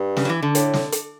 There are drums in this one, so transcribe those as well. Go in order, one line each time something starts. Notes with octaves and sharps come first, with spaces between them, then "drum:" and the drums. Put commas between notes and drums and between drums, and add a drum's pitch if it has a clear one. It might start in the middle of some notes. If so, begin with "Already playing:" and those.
Already playing: G2
C#3, drum: snare
F#3
E3
D3
A2, drum: hi-hat
drum: snare
drum: hi-hat